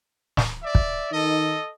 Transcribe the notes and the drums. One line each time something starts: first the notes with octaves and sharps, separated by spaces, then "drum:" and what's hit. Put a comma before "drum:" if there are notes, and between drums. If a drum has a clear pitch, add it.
drum: snare
D5 E5
drum: kick
D#3 D#4 A4 D#5